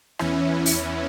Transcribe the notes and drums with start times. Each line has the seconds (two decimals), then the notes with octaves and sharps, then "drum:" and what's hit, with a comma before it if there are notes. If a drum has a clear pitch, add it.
0.19 E2 E3 C#4 E4, drum: rim click
0.66 drum: open hi-hat